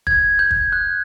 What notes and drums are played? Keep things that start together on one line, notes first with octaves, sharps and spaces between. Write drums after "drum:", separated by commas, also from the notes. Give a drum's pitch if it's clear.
G#6, drum: kick
G6
drum: kick
F#6